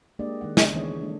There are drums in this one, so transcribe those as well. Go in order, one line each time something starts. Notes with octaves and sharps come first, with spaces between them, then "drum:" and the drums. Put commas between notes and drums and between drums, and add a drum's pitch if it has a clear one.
G#3 A#3 D4 G4 D5 D#5
D#3 G#3 F#5
C#3 G#3 B3 C4 D4 G#4, drum: snare
D#3 E3 B3 D4 C#5
G3 A3 D4